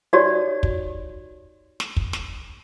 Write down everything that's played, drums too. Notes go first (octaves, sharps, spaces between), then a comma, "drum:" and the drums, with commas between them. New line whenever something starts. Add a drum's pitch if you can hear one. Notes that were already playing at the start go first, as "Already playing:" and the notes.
D#4 F#4 G4 C#5 D5
drum: kick
drum: snare
drum: kick
drum: snare